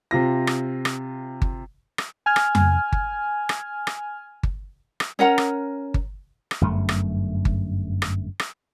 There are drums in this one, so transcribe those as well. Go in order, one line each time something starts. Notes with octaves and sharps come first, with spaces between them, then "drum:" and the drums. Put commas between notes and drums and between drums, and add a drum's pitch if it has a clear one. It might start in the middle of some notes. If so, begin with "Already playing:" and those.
C3 F4 A#6
drum: rim click
drum: rim click
drum: kick G1
drum: rim click
G#5 F6 G#6
drum: rim click
drum: tom F2
drum: kick G1
drum: rim click
drum: rim click
drum: kick G1
drum: rim click
C#4 A#4 F#5 A#5
drum: rim click
drum: kick G1
drum: rim click
G1 F#2 A3
drum: rim click
drum: kick G1
drum: rim click
drum: rim click